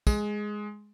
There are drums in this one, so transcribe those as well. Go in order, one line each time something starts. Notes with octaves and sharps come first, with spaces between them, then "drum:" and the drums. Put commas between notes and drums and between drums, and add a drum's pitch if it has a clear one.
G#3, drum: kick, tambourine